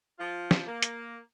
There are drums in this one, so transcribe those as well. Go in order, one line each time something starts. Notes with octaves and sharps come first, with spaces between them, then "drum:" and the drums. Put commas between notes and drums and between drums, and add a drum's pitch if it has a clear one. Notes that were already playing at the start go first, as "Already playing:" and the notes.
F3 F4
drum: snare
A#3
drum: hi-hat